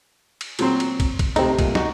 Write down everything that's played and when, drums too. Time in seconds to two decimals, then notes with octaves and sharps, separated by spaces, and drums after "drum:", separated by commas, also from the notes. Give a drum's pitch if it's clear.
0.41 drum: cymbal
0.59 A#2 F#3 C4, drum: cymbal
0.80 drum: cymbal
1.00 drum: kick, cymbal
1.19 drum: kick, cymbal
1.36 C3 A3 C4 D#4, drum: cymbal
1.59 C2 A#2, drum: kick, cymbal
1.75 D#4 F#4, drum: snare